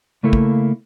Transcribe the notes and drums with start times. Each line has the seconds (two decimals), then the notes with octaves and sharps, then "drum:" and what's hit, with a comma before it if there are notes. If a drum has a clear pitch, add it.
0.23 C#3 A3 A#3 E4 A4
0.33 drum: kick